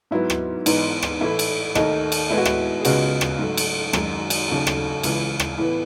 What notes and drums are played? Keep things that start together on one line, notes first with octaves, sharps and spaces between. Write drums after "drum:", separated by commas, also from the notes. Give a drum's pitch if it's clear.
G#2 F#3 B3 E4
drum: rim click
G#2 E3 B3 D#4, drum: cymbal
drum: rim click
A2 E3 A3 E4
drum: cymbal
D#2 D#3 A3 D#4, drum: rim click
drum: cymbal
A2 G#3 B3 E4
F#4
E4, drum: rim click
G#4
C#2 C#3 G#3 B3 F#4, drum: cymbal
drum: rim click
G#2 F#3 A3
drum: cymbal
F#2 D#3 G#3, drum: rim click
drum: cymbal
D#2 C#3 F#3 A3 A4
drum: rim click
C#2 C#3 E3, drum: cymbal
drum: rim click
A2 E3 B3